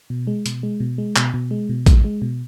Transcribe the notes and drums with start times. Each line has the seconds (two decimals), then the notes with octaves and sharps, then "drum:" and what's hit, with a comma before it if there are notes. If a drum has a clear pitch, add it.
0.10 B2
0.27 G#3
0.46 B2, drum: hi-hat
0.63 G#3
0.80 B2
0.98 G#3
1.16 B2, drum: clap
1.34 B2
1.51 G#3
1.69 B2
1.86 G#3, drum: kick A#1, hi-hat
2.04 G#3
2.22 B2